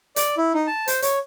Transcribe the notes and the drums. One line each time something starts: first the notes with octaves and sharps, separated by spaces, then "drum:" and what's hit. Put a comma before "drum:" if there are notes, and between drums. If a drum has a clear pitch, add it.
D5, drum: hi-hat
E4
D#4
A5
C5, drum: hi-hat
C#5, drum: hi-hat